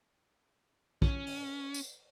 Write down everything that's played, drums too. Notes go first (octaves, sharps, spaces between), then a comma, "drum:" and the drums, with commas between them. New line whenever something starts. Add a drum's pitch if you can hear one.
C#4, drum: kick
drum: open hi-hat
drum: tambourine